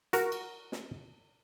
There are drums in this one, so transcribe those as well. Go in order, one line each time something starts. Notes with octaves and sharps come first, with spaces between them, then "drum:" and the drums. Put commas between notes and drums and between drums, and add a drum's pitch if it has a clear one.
F#4 A#4, drum: hi-hat
drum: cymbal
drum: snare